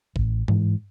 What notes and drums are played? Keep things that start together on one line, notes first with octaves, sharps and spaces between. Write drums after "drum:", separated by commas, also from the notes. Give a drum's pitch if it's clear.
A1, drum: kick
G#2 E3, drum: tom G2